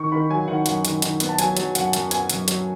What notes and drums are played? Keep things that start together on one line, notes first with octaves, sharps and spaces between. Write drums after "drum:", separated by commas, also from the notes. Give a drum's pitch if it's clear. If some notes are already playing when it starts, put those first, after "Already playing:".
Already playing: D#3 C#6
D#3 B5
F#3 G#5
D#3 F#5
F#2 F#5, drum: hi-hat
D#3, drum: hi-hat
D#3, drum: hi-hat
B3, drum: hi-hat
A5
F#3 G#5, drum: hi-hat
F#3, drum: hi-hat
F#2 F#5, drum: hi-hat
F#2, drum: hi-hat
B3 G#5, drum: hi-hat
F#2, drum: hi-hat
F#3, drum: hi-hat